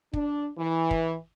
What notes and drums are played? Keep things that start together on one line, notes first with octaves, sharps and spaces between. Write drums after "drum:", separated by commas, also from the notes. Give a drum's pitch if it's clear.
D4, drum: kick
E3
drum: kick